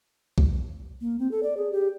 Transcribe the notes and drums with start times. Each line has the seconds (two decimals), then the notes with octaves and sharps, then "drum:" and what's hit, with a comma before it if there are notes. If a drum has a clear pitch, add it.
0.38 drum: kick B1
1.01 A#3
1.19 C4
1.31 A4
1.43 D5
1.57 G#4
1.72 G4